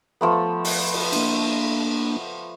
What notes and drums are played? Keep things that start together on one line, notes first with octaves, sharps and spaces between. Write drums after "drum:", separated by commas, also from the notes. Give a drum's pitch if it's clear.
F3 A3 B3
drum: open hi-hat
drum: cymbal
A#3 D4, drum: cymbal